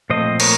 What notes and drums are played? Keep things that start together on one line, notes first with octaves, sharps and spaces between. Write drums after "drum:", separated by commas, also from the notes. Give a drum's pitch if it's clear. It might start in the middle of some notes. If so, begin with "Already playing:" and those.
A#2 F3 A3 C4 C5 D#5
A#4 C#5, drum: cymbal